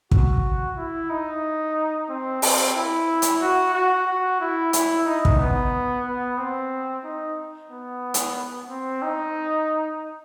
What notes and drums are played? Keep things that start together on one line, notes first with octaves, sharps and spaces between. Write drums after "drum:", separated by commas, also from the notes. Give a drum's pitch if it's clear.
F#4, drum: kick
E4
D#4
C4
C4, drum: open hi-hat
E4
drum: hi-hat
F#4
F#4
F#4
E4
E4, drum: hi-hat
D#4
drum: kick
B3
B3
C4
D#4
B3
drum: hi-hat
C4
D#4